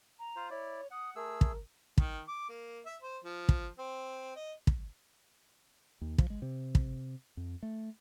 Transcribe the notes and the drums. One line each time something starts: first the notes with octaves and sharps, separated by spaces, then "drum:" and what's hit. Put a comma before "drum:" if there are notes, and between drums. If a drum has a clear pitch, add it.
A#5
F4 C5
E4 C#5 D5
F#5 D#6
A3 G#4 A#4 E6
drum: kick
D#3, drum: kick
D6
A#3
E5
C5
F3
drum: kick
C4
D#5
drum: kick
D#2
F3, drum: kick
G#3
C3
drum: kick
F2
A3